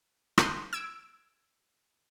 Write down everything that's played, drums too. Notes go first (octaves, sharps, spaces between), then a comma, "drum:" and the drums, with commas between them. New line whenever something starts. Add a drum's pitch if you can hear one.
C6 D#6 F#6 G6, drum: rim click
E6 G#6 D7